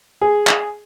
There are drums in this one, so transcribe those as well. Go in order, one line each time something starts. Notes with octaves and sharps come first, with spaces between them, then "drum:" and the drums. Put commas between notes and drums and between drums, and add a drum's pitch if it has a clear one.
G#4
drum: clap